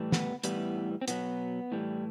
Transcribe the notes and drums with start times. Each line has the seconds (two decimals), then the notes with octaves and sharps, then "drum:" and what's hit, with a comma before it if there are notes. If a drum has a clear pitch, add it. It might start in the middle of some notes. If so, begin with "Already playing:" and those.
Already playing: A2 E3 G3
0.12 B3, drum: snare
0.44 A2 E3 G3 B3, drum: hi-hat
1.01 C4
1.08 B2 F#3 B3, drum: hi-hat
1.72 A2 E3 G3